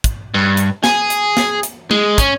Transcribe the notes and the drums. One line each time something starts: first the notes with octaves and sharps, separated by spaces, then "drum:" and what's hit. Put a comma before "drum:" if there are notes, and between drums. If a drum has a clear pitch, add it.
drum: kick, hi-hat
G2
drum: hi-hat
G#4, drum: snare
drum: hi-hat
drum: snare
drum: hi-hat
G#3, drum: tom G#3
C#4, drum: kick, hi-hat